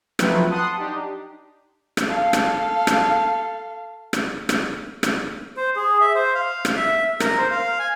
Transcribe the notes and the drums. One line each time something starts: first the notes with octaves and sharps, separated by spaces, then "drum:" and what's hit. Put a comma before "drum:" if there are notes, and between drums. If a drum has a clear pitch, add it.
F3 F#3 A3 C4 F4 B4, drum: rim click
F#5 A5 C6 D#6 F#6
D4 D#4 G4
drum: rim click
A4 F5
drum: rim click
drum: rim click
drum: rim click
drum: rim click
drum: rim click
C5
G#4
E5
C5
F5
drum: rim click
E5
A#4, drum: rim click
C5
F5
G#5